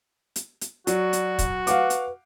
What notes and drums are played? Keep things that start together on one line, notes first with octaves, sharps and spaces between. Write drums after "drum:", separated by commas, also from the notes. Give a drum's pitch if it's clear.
drum: hi-hat
drum: hi-hat
F#3 F#4 D5, drum: hi-hat
drum: hi-hat
drum: kick, hi-hat
B4 F5 F#5 D6, drum: hi-hat
drum: hi-hat